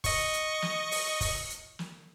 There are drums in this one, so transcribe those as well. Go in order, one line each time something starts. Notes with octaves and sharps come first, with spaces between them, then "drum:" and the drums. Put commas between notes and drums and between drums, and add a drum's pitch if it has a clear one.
D#5 C#6, drum: kick, open hi-hat
drum: hi-hat
drum: snare
drum: open hi-hat
drum: kick, open hi-hat
drum: hi-hat
drum: snare